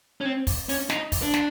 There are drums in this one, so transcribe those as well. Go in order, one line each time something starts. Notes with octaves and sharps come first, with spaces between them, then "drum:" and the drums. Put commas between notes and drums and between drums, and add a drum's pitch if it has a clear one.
C#4
C4
drum: kick, open hi-hat
C#4, drum: open hi-hat
D#4, drum: snare
drum: kick, open hi-hat
D4
drum: snare